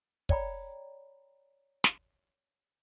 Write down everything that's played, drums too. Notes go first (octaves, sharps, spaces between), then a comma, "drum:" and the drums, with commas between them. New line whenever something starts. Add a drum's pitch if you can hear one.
C#5 D5 G5 A#5 B5, drum: kick
drum: snare